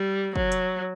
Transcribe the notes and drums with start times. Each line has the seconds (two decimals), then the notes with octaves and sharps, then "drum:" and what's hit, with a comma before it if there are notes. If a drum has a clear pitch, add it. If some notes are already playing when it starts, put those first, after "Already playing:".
Already playing: G3
0.36 F#3, drum: kick
0.52 drum: hi-hat